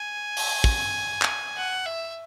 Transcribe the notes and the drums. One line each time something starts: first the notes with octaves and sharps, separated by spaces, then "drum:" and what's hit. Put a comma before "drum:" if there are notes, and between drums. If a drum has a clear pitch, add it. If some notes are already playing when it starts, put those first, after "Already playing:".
Already playing: G#5
drum: open hi-hat
drum: kick
drum: clap
F#5
E5